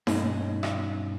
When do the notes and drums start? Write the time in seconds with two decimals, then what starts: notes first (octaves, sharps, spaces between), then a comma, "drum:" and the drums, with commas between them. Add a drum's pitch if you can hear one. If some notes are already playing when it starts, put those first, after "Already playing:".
0.07 G2 B2 C#4 D#4, drum: snare D#4
0.63 drum: rim click